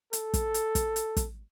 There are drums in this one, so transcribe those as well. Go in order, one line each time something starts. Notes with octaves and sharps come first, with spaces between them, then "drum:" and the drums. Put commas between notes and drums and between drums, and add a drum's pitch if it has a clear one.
A4, drum: hi-hat
drum: kick, hi-hat
drum: hi-hat
drum: kick, hi-hat
drum: hi-hat
drum: kick, hi-hat